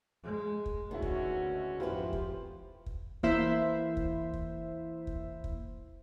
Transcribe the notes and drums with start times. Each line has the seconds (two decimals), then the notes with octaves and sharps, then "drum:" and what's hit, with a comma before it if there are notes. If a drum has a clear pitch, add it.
0.23 G#3
0.66 drum: kick
0.91 D2 B2 D#3 G#3 C#4 E4 F#4
1.02 drum: kick
1.80 G#1 F2 D#3 E4 F4 G4 B4 C5
2.13 drum: kick
2.86 drum: kick
3.23 E3 A#3 E4 C5 E5, drum: kick
3.97 drum: kick
4.34 drum: kick
5.07 drum: kick
5.44 drum: kick